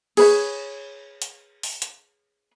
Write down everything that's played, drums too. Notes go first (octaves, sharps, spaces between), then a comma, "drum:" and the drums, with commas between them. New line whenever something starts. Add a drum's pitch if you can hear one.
G#4 B4 C#5, drum: cymbal
drum: hi-hat
drum: open hi-hat
drum: hi-hat